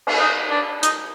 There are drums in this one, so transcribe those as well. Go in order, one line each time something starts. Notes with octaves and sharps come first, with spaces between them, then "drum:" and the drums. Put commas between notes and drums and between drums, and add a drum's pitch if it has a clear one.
drum: cymbal
D#4
D4
D#4, drum: hi-hat